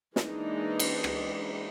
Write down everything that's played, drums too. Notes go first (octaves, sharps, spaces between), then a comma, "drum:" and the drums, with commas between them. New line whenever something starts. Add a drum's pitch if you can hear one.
E3 G#3 A#3 D4 D#4, drum: snare
drum: cymbal
drum: rim click